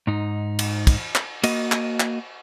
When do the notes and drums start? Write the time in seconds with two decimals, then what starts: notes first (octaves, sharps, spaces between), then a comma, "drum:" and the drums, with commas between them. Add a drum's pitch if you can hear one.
0.07 G#2 D#4
0.59 drum: cymbal
0.87 drum: kick, cymbal
1.15 drum: clap
1.44 A#3 F#4 D#5, drum: cymbal
1.72 drum: clap
2.00 drum: clap